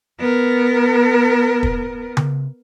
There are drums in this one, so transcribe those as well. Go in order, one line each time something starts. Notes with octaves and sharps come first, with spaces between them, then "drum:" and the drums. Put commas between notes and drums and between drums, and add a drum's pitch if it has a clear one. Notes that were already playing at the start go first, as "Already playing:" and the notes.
B3 A#4
drum: kick
drum: tom C#3